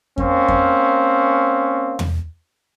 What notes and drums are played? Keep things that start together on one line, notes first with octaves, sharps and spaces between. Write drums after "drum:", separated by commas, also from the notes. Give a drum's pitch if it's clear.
A#3 C4 C#4, drum: kick F2
drum: kick F2
drum: tom E2